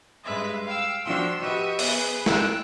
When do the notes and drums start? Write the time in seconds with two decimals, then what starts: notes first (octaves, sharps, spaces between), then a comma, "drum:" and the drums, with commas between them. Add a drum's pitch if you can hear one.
0.24 G2 G#3 B4 E5
0.66 F5 G5 E6
1.05 F3 D4 F#4 G5 C6 E6
1.40 F#4 G4 B4 D#5 E5
1.79 B3 G#4 B4, drum: open hi-hat
2.26 G5 E6 F#6, drum: snare